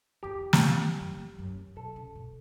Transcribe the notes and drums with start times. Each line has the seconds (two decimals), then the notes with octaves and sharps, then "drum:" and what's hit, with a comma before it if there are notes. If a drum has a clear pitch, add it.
0.23 E2 G4
0.53 drum: snare
1.00 F#2
1.39 F#2
1.76 B2 A4
1.96 C#3
2.15 B2